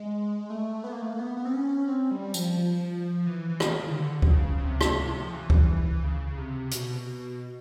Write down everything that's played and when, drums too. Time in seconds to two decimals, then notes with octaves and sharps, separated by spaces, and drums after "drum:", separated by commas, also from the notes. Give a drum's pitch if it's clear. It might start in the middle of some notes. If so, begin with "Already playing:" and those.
Already playing: G#3
0.50 A3
0.84 B3
0.92 A#3
1.02 A3
1.10 A#3
1.19 B3
1.37 B3
1.45 C4
1.54 C#4
1.88 C4
2.11 G3
2.34 F3, drum: tambourine
2.57 F3
3.26 E3
3.49 E3
3.60 D#3, drum: rim click
3.90 C#3
3.96 D3
4.22 D3, drum: kick C#2
4.30 C#3
4.58 C#3
4.64 C3
4.81 drum: rim click
5.22 F3
5.33 E3
5.50 drum: kick C#2
6.03 C#3
6.27 C#3
6.38 C3
6.71 B2, drum: hi-hat